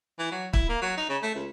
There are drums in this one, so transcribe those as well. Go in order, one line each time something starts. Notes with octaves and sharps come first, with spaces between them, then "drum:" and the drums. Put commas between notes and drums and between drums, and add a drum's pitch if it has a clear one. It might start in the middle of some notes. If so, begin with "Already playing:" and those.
E3
F#3
E4, drum: kick
A#3
F#3
D#4
C#3
A3
C#2